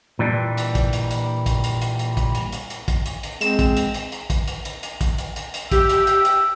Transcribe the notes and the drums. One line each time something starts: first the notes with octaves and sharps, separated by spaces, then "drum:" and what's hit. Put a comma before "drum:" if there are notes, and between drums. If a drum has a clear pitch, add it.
A#2 E3 G3 D4
drum: hi-hat
drum: kick, hi-hat
drum: hi-hat
drum: hi-hat
drum: kick, hi-hat
drum: hi-hat
drum: hi-hat
drum: hi-hat
drum: kick, hi-hat
drum: hi-hat
drum: hi-hat
drum: hi-hat
drum: kick, hi-hat
drum: hi-hat
drum: hi-hat
G#3 C4 E7, drum: hi-hat
drum: kick, hi-hat
drum: hi-hat
drum: hi-hat
drum: hi-hat
drum: kick, hi-hat
drum: hi-hat
drum: hi-hat
drum: hi-hat
drum: kick, hi-hat
drum: hi-hat
drum: hi-hat
drum: hi-hat
G4 E5, drum: kick, hi-hat
drum: hi-hat
drum: hi-hat
drum: hi-hat